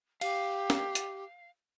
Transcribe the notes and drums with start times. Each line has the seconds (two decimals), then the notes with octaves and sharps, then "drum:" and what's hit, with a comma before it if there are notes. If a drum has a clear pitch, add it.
0.21 G4 F5, drum: cymbal
0.70 drum: snare
0.95 drum: hi-hat